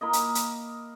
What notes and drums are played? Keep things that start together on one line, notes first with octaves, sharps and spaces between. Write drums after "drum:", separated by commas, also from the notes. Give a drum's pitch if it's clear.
A#3 E4 D#5
drum: hi-hat
drum: hi-hat